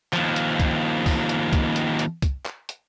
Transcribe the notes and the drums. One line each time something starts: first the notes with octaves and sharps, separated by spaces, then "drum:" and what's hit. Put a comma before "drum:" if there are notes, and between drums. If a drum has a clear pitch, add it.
D#2 F3, drum: clap
drum: hi-hat
drum: kick C2, hi-hat
drum: kick C2, open hi-hat
drum: hi-hat
drum: kick C2, hi-hat
drum: hi-hat
drum: hi-hat
drum: kick C2, hi-hat
drum: clap
drum: hi-hat